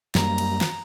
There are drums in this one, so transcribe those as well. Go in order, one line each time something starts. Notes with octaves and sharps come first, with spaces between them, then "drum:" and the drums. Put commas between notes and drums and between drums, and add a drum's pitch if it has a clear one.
F#2 G3 A#3 A#5, drum: snare
drum: cymbal
drum: snare